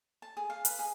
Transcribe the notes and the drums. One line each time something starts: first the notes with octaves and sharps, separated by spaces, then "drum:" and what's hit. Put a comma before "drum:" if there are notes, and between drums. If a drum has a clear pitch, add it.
A5
G#4
F5
B4, drum: hi-hat
G#4